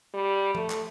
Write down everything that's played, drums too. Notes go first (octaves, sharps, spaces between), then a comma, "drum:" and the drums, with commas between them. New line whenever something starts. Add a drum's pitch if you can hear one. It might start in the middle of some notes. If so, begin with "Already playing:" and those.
G3
A3, drum: tom
drum: clap